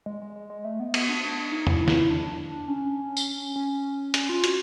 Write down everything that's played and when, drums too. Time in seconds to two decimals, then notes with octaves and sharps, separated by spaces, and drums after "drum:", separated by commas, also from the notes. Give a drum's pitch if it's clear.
0.06 G#3
0.22 G#3
0.36 G#3
0.50 G#3
0.65 A3
0.80 B3
0.94 B3, drum: cymbal
1.09 D4
1.52 D#4
1.67 E4, drum: tom E2
1.88 drum: snare
2.10 D4
2.68 C#4
3.17 drum: tambourine
3.56 C#4
4.14 C#4, drum: hi-hat
4.29 F4
4.44 F#4, drum: hi-hat